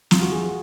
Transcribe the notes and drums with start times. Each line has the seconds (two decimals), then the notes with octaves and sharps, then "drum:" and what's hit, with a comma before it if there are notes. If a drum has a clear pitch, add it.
0.11 F4, drum: snare
0.21 F#4
0.32 G#4
0.43 F#4